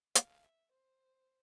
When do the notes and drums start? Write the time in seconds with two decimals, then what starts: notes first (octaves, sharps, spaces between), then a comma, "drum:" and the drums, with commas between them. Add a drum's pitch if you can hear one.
0.15 F5, drum: hi-hat
0.43 E5
0.72 C5